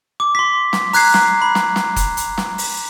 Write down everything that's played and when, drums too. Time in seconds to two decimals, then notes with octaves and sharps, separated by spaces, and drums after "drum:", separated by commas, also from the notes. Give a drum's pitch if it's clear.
0.20 D6
0.35 C6 B6
0.73 drum: snare
0.93 A#5 F#6 G#6 C7, drum: open hi-hat
1.14 drum: snare
1.42 B5
1.55 drum: snare
1.76 drum: snare
1.96 drum: kick, hi-hat
2.17 drum: hi-hat
2.38 drum: snare
2.58 drum: open hi-hat